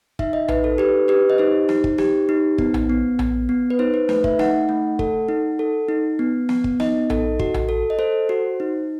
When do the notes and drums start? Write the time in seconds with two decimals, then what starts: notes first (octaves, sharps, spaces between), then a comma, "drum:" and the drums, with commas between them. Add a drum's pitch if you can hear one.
0.19 D#4 E5, drum: kick
0.33 D#5
0.48 D#4 B4, drum: tom A#1
0.64 A4
0.78 G4 B4
1.08 G4 B4
1.30 D#5
1.38 D#4 C5
1.69 D#4, drum: snare
1.84 drum: kick
1.98 G4, drum: snare
2.29 D#4
2.58 B3, drum: kick
2.74 drum: tom A#1
2.90 B3
3.19 B3, drum: tom A#1
3.49 B3
3.70 B4
3.79 D#4 C5
3.94 B4
4.09 A3 B4, drum: snare
4.24 E5, drum: kick
4.39 D#4 F#5, drum: snare
4.69 A3
4.99 A4, drum: kick
5.29 D#4
5.59 A4
5.89 D#4
6.19 B3
6.49 B3, drum: snare
6.64 drum: kick
6.80 D#4 D#5, drum: snare
7.10 A4, drum: tom A#1
7.39 F#4, drum: kick
7.54 drum: tom A#1
7.69 A4
7.90 D#5
7.99 A4 C5
8.29 F#4
8.60 D#4